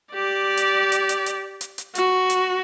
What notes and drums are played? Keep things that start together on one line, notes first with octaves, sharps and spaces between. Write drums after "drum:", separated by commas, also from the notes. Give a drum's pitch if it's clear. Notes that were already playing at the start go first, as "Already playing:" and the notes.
G4 D5
drum: hi-hat
drum: hi-hat
drum: hi-hat
drum: hi-hat
drum: hi-hat
drum: hi-hat
F#4, drum: hi-hat
drum: hi-hat